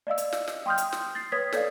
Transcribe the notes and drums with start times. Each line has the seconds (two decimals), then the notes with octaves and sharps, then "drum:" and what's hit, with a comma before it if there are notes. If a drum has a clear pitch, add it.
0.07 D5 D#5 F5 E6
0.18 drum: hi-hat
0.33 drum: snare
0.48 drum: snare
0.66 G5 C6 D#6 F6 G6
0.78 drum: hi-hat
0.93 drum: snare
1.15 A6 C7
1.32 B4 C#5 D#6 G#6 B6
1.53 A4 C#5 D5 F5, drum: snare